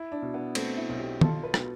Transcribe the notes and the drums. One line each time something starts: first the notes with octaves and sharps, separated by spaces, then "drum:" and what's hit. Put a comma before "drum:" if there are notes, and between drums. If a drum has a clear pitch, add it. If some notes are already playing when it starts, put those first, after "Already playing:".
Already playing: E4
D4
B2
B3
A3 C4, drum: cymbal
E4
B1
G4
F4 A4, drum: tom
B4
B2, drum: rim click